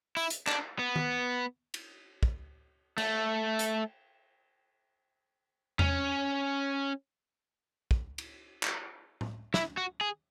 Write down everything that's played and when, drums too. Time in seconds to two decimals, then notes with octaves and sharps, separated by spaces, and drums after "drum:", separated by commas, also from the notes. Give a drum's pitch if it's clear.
0.17 E4, drum: tambourine
0.30 drum: hi-hat
0.47 D4, drum: clap
0.79 B3
0.96 drum: tom
1.74 drum: cymbal
2.23 drum: kick
2.98 A3, drum: cymbal
3.59 drum: hi-hat
5.79 C#4, drum: tom E2
7.91 drum: kick
8.18 drum: cymbal
8.63 drum: clap
9.21 drum: tom A2
9.54 E4, drum: snare
9.77 F#4
10.01 G#4